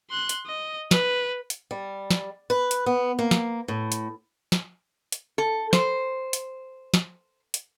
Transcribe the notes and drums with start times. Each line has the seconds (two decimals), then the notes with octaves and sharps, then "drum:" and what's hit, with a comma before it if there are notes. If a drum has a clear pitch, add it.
0.11 C6 F#6
0.29 drum: hi-hat
0.46 D#5
0.91 B4, drum: snare
1.50 drum: hi-hat
1.71 G3
2.11 drum: snare
2.50 B4
2.71 drum: hi-hat
2.86 B3
3.19 A#3
3.31 drum: snare
3.68 A2
3.92 drum: hi-hat
4.52 drum: snare
5.12 drum: hi-hat
5.38 A4
5.73 C5, drum: snare
6.33 drum: hi-hat
6.94 drum: snare
7.54 drum: hi-hat